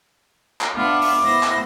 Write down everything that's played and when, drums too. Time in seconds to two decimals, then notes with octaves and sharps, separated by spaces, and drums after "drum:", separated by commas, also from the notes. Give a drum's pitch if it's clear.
0.61 drum: clap
0.75 B3 D4 F4 E5 F#5 D6
1.02 drum: open hi-hat
1.22 B3 E4 C5 A#6
1.43 drum: clap